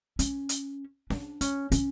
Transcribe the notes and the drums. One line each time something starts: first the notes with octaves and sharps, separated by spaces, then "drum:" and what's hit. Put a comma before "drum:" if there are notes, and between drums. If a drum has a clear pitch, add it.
C#4, drum: hi-hat
drum: hi-hat
D4, drum: snare C#4
C#4, drum: hi-hat
C#4, drum: hi-hat